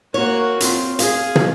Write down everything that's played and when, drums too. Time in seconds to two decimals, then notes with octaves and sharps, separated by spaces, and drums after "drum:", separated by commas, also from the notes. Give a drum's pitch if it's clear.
0.14 A#3 F#4 C#5
0.60 C4 F4, drum: hi-hat
0.99 G#4 F5, drum: hi-hat
1.36 drum: tom